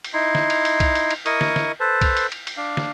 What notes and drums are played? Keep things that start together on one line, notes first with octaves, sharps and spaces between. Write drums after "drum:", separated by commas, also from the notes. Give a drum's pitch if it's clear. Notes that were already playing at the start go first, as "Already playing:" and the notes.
drum: cymbal
D#4 E4 C6
drum: snare
drum: cymbal
drum: cymbal
drum: kick B1, cymbal
drum: cymbal
drum: cymbal
E4 A#4 D#5 C#6 D#6, drum: cymbal
drum: snare
drum: snare
A4 B4 C5 A5
drum: kick B1, cymbal
drum: cymbal
drum: cymbal
drum: cymbal
D4 F5
drum: snare